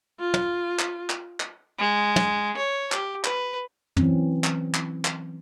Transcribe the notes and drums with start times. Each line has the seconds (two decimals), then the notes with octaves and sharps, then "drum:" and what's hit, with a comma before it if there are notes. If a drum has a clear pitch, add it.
0.20 F4
0.34 drum: tom
0.79 drum: clap
1.10 drum: clap
1.40 drum: clap
1.79 G#3
2.16 drum: tom
2.57 C#5
2.92 G4, drum: clap
3.24 B4, drum: clap
3.97 E3 F#3 C4 C#4, drum: tom
4.44 drum: clap
4.74 drum: clap
5.05 drum: clap